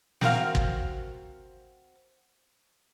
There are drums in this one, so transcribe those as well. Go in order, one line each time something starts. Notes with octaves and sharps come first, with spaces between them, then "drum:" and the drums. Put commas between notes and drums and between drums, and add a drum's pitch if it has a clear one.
C4 F#4 A#4 F5, drum: snare
drum: kick